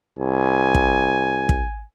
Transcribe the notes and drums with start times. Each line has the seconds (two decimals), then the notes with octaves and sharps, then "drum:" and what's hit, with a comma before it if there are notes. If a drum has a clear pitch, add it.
0.19 C2 G#5
0.74 drum: kick
1.49 drum: kick